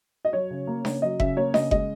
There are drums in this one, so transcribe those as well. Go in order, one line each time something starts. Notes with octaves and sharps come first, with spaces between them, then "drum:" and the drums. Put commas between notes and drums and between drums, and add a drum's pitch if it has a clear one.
D#5
F#3 C#5
C#3
A#3
C#3, drum: snare D4
F#3 D#5
C#3 E5, drum: kick F#1
A#3 C#5
C#3 D#5, drum: snare D4
G#3 D#5, drum: kick F#1